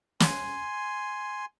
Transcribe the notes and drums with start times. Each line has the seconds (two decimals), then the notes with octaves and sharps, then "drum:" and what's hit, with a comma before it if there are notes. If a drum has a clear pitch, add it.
0.20 G#5 C6, drum: snare